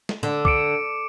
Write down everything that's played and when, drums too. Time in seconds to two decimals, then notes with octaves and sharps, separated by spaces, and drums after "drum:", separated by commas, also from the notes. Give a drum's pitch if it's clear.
0.09 drum: snare
0.23 D3
0.45 D6 C#7 D7, drum: kick